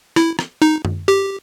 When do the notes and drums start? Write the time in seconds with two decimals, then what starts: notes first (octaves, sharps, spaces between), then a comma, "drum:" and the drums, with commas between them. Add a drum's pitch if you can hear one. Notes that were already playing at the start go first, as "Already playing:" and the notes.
0.16 E4, drum: rim click
0.39 drum: rim click
0.62 D#4
0.85 drum: tom F#2
1.08 G4